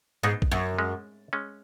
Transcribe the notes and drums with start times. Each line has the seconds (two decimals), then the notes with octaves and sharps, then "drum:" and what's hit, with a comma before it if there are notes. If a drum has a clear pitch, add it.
0.23 G#2 B3 D#4
0.42 drum: kick A#1
0.52 F#2
0.79 G#3 C#4
1.33 G#3 C#4